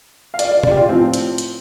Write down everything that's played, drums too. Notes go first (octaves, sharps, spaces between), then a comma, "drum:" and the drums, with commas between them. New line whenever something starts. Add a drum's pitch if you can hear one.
F5
D5, drum: hi-hat
D5
D5, drum: tom
G4
F4
A2 F3 C4
drum: hi-hat
drum: hi-hat